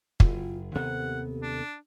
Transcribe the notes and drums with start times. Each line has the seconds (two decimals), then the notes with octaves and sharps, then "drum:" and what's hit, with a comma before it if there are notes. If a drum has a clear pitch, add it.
0.20 F#1 F4, drum: kick
0.75 D#2 C3 B3 A4 F#5
1.42 D4